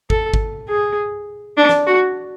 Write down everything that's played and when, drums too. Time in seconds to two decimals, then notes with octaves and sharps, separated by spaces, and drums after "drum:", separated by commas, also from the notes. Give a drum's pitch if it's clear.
0.10 A4, drum: kick G#1
0.34 drum: kick G#1
0.69 G#4
1.57 D4
1.69 drum: snare
1.87 F#4